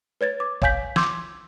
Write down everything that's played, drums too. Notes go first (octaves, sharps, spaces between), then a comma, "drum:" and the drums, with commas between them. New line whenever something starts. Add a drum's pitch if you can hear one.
B4 C#5 G#6 A6
D6
C#5 F5 G#5 G6 B6, drum: kick
C6 D6 E6 G6 G#6, drum: snare